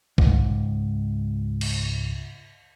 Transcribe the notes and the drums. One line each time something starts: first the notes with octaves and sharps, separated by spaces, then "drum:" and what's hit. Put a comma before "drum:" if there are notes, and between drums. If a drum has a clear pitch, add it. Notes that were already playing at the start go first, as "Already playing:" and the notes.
C#2 G#2, drum: kick B1
drum: cymbal